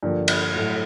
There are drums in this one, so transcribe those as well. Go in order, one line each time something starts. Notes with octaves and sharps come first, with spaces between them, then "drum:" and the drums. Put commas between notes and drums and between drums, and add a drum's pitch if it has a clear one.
G2 D3 F3 A#3
drum: cymbal
A2 F#3 A3